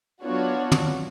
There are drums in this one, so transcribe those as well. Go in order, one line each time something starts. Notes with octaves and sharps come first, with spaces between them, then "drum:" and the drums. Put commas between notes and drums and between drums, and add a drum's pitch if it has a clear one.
F#3 B3 D4 F4 F#4 C#5
drum: tom